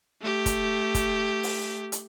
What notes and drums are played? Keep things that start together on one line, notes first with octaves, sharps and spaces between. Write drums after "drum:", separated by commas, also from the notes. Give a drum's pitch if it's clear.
A3 G4
drum: kick, hi-hat
drum: kick, hi-hat
drum: open hi-hat
drum: hi-hat